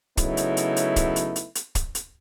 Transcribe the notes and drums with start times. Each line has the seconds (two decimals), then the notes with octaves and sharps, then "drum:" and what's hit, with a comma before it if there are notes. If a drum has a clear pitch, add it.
0.17 C#3 F#3 A3 B3 D#4 E4, drum: kick, hi-hat
0.37 drum: hi-hat
0.57 drum: hi-hat
0.76 drum: hi-hat
0.96 drum: kick, hi-hat
1.16 drum: hi-hat
1.36 drum: hi-hat
1.55 drum: hi-hat
1.75 drum: kick, hi-hat
1.95 drum: hi-hat